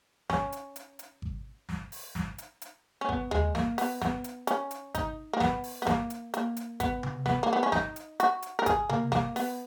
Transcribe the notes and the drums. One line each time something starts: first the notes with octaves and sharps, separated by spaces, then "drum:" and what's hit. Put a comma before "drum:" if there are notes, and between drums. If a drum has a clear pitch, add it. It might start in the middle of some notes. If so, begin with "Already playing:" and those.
C#4, drum: snare
drum: hi-hat
drum: hi-hat
drum: hi-hat
drum: kick G#1
drum: snare
drum: open hi-hat
drum: snare
drum: hi-hat
drum: hi-hat
C#4
B3, drum: kick G#1
G#3, drum: tom D#2
A#3, drum: snare
B3, drum: open hi-hat
B3, drum: snare
drum: hi-hat
C#4, drum: hi-hat
drum: hi-hat
D#4, drum: kick G#1, hi-hat
A#3
B3, drum: snare
drum: open hi-hat
B3
A#3, drum: snare
drum: hi-hat
A#3, drum: hi-hat
drum: hi-hat
B3, drum: kick G#1, hi-hat
drum: tom C3
B3, drum: snare
A#3
B3
C#4
D#4, drum: snare
drum: hi-hat
F#4, drum: hi-hat
drum: hi-hat
A#4
G#4, drum: kick G#1, hi-hat
A#3, drum: tom C3
A#3, drum: snare
B3, drum: open hi-hat